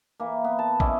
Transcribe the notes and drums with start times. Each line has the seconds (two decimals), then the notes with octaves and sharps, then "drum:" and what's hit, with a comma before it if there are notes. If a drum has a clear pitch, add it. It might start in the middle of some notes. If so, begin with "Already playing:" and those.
0.20 E3 A#3
0.44 B3
0.59 A5
0.80 C#4 E4 D5 D#5, drum: kick